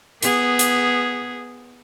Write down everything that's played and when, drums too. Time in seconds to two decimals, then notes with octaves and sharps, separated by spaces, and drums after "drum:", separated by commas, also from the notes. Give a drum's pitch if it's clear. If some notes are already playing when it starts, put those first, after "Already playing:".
0.23 B3 G#4, drum: hi-hat
0.59 drum: hi-hat